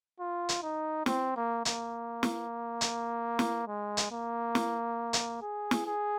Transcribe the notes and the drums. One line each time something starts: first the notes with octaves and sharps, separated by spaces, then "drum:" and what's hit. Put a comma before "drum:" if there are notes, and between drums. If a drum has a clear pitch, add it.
F4
drum: hi-hat
D#4
C4, drum: snare
A#3
A#3, drum: hi-hat
drum: snare
drum: hi-hat
drum: snare
G#3
drum: hi-hat
A#3
drum: snare
drum: hi-hat
G#4
drum: snare
G#4